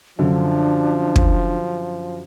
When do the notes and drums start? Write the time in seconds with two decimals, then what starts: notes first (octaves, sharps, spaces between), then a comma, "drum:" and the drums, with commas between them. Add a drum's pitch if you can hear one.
0.19 F#2 D3 F3 D4
1.16 drum: kick